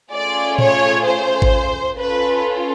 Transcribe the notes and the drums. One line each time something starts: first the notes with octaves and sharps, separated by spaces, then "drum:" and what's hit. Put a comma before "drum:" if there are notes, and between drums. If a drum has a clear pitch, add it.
A3 C#4 F4 G#4 D5
C#5, drum: tom A2
C5
drum: kick G#1
C#4 F4 A4 B4